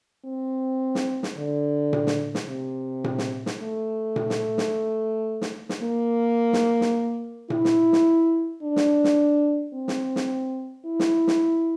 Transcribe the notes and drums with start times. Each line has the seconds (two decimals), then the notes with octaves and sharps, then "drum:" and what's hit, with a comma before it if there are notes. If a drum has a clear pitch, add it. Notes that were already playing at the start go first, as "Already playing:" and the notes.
0.25 C4
0.95 drum: snare
1.23 drum: snare
1.37 D3
1.93 drum: tom A#2
2.07 drum: snare
2.35 drum: snare
2.48 C3
3.04 drum: tom A#2
3.18 drum: snare
3.46 drum: snare
3.60 A3
4.16 drum: tom A#2
4.30 drum: snare
4.58 drum: snare
5.41 drum: snare
5.69 drum: snare
5.83 A#3
6.53 drum: snare
6.81 drum: snare
7.50 E4, drum: tom A#2
7.65 drum: snare
7.93 drum: snare
8.63 D4
8.76 drum: snare
9.04 drum: snare
9.73 C4
9.88 drum: snare
10.16 drum: snare
10.85 E4
10.99 drum: snare
11.27 drum: snare